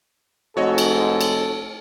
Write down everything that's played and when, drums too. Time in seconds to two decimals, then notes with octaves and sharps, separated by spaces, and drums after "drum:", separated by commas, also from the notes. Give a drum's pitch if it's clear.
0.57 F1 G#2 F#4 A4 C#5 D#5
0.78 drum: cymbal
1.21 drum: cymbal